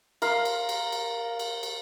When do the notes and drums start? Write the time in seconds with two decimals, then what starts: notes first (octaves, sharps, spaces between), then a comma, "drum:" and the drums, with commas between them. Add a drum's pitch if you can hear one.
0.22 A#4 F5 C6, drum: cymbal
0.45 drum: cymbal
0.69 drum: cymbal
0.92 drum: cymbal
1.39 drum: cymbal
1.63 drum: cymbal